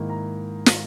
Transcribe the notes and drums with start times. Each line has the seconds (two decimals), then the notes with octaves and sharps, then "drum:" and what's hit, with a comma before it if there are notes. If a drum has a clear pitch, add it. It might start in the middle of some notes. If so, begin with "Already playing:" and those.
Already playing: G#2 D#3 A#3 E4
0.09 A#5
0.66 drum: snare